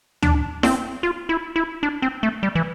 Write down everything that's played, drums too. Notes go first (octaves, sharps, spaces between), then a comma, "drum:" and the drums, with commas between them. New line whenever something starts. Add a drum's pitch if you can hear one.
D4, drum: tom D2
C4, drum: snare E4
F4
E4
E4
D4
C4
A3
G3
E3